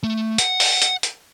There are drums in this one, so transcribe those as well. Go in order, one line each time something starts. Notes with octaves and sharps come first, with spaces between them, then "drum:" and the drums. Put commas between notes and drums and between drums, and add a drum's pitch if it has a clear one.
A3
F#5, drum: hi-hat
drum: open hi-hat
drum: hi-hat
drum: hi-hat